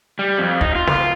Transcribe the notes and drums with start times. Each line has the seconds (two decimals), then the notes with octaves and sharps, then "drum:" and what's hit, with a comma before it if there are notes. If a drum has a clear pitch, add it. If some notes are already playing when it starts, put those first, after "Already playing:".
0.19 G3
0.38 F2
0.61 D#4, drum: kick
0.75 F4
0.87 drum: snare